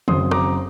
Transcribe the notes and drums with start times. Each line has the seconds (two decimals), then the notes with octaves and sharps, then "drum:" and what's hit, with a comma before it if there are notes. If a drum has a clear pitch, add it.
0.08 F#1 F#2 F#3 C4 C6 D#6, drum: tom
0.31 A#5 D6, drum: rim click